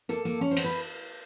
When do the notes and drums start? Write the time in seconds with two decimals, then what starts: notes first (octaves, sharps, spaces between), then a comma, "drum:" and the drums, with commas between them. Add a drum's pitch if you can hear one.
0.09 A#3 A4
0.25 A#3
0.41 C#4
0.51 C5
0.57 B3, drum: cymbal
0.64 B4